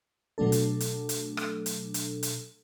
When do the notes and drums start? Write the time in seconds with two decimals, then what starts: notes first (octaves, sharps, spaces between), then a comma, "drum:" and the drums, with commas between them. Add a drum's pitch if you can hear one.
0.38 B2 F#3 A3 D4 A4
0.52 drum: hi-hat
0.80 drum: hi-hat
1.09 drum: hi-hat
1.37 drum: rim click
1.66 drum: hi-hat
1.94 drum: hi-hat
2.23 drum: hi-hat